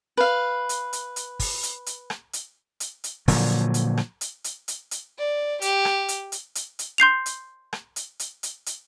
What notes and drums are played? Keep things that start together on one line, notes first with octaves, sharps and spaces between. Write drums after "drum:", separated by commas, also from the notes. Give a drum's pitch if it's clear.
B4 F5
drum: hi-hat
drum: hi-hat
drum: hi-hat
drum: kick, open hi-hat
drum: hi-hat
drum: hi-hat
drum: rim click
drum: hi-hat
drum: hi-hat
drum: hi-hat
A#2 D3 F3 F#3, drum: kick, open hi-hat
drum: hi-hat
drum: rim click
drum: hi-hat
drum: hi-hat
drum: hi-hat
drum: hi-hat
D5
G4, drum: hi-hat
drum: rim click
drum: hi-hat
drum: hi-hat
drum: hi-hat
drum: hi-hat
C6 G6 C7 F7
drum: hi-hat
drum: rim click
drum: hi-hat
drum: hi-hat
drum: hi-hat
drum: hi-hat